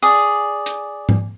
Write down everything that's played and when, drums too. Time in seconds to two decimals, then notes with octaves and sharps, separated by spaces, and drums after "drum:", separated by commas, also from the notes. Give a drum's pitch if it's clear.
0.02 G#4 D5
0.66 drum: hi-hat
1.09 drum: tom G#2